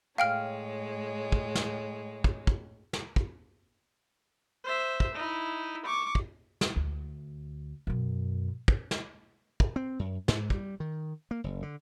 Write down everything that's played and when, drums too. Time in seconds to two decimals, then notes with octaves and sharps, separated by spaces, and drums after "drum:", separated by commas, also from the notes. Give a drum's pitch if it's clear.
0.18 A2 G#3 C#5 F5 G5 F6
1.32 drum: kick
1.55 drum: snare
2.24 drum: kick
2.47 drum: kick
2.93 drum: snare
3.16 drum: kick
4.64 C5 E5
5.00 drum: kick
5.14 D#4 E4
5.86 C#6 D6
6.15 drum: kick
6.61 drum: snare
6.76 D2
7.87 F#2 B2
8.68 drum: kick
8.91 drum: snare
9.60 drum: kick
9.76 C4
9.99 F#2
10.28 G#2, drum: snare
10.50 G3, drum: kick
10.80 D#3
11.31 A#3
11.44 F#1
11.62 D3